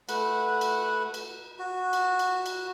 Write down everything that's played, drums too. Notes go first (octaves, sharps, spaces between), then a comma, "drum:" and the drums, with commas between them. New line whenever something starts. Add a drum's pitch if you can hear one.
A3 B4 F#5, drum: cymbal
drum: cymbal
drum: cymbal
F#4
drum: cymbal
drum: cymbal
drum: cymbal